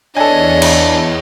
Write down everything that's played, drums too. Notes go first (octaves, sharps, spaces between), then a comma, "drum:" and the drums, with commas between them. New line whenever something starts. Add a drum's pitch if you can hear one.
E2 D4 A4 C#5 D#5 G#5
drum: cymbal